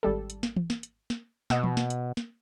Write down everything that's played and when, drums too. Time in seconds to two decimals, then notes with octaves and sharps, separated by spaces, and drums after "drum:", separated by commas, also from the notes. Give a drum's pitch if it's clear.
0.03 G#1 G3 A4
0.30 drum: hi-hat
0.43 drum: snare
0.56 drum: tom
0.70 drum: snare
0.83 drum: hi-hat
1.10 drum: snare
1.50 B2 D#5 F#5 E6, drum: snare
1.64 drum: tom
1.77 drum: snare
1.90 drum: hi-hat
2.17 drum: snare